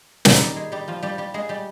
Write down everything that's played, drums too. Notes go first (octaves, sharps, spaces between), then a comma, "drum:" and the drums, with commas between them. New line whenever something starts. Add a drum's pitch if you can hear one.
A#2 D#3 G3 D#4, drum: snare
G3 G4
G#3 G#4
G3 G4
F3 F4
G3 G4
G3 G4
G#3 G#4
G3 G4